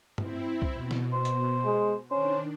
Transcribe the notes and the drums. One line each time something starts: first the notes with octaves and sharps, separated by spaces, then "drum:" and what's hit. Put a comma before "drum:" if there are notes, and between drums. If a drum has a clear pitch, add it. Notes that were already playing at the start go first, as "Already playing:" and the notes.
C4 E4, drum: tom
drum: kick
B2
drum: snare
C5
drum: hi-hat
G#3
D#3 C#4 D4 C5